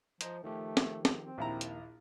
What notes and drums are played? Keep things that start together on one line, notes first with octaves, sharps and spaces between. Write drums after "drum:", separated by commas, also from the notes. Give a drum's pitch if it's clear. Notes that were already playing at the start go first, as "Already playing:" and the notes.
F3 C5 D#5 A#5, drum: hi-hat
D#3 F3 A3 G4
drum: snare
drum: snare
C4
A#1 D#2 D#3 E4 A#5
drum: hi-hat